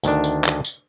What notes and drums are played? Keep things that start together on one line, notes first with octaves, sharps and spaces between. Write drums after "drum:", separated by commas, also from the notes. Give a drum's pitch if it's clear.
D2 D#3 D4, drum: tambourine
drum: tambourine
drum: clap
drum: tambourine